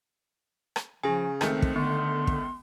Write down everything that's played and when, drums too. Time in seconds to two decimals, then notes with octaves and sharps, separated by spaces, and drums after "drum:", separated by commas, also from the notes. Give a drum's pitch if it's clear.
0.76 drum: rim click
1.03 C#3 F3 G#4 G#5
1.41 C#2 D#3 A3 C4, drum: rim click
1.62 drum: kick
1.76 D3 B3 C6
2.27 drum: kick